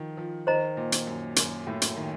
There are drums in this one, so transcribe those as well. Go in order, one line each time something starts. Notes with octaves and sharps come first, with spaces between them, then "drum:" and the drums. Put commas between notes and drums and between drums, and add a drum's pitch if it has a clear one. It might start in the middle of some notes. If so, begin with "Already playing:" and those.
Already playing: D#3 F3
F3
D#3 C5 D#5 A#5
A#2
drum: hi-hat
F#2
F#2, drum: hi-hat
A2
drum: hi-hat
D#3